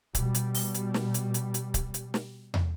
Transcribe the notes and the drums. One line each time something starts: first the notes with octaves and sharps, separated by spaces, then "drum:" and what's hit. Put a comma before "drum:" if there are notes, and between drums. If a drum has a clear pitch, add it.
B2 G3, drum: kick C#1, hi-hat
drum: hi-hat
drum: open hi-hat
drum: hi-hat
drum: snare
drum: hi-hat
drum: hi-hat
drum: hi-hat
drum: kick C#1, hi-hat
drum: hi-hat
drum: snare
drum: tom